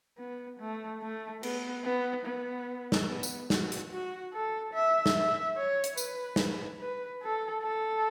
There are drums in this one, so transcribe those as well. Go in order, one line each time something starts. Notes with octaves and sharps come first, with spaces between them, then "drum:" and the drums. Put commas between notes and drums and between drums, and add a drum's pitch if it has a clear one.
B3
A3
A3
B3, drum: cymbal
B3
B3
drum: snare
B3
drum: tambourine
F#4, drum: snare
drum: hi-hat
F#4
A4
E5
drum: snare
E5
C#5
drum: hi-hat
B4, drum: tambourine
drum: snare
B4
A4
A4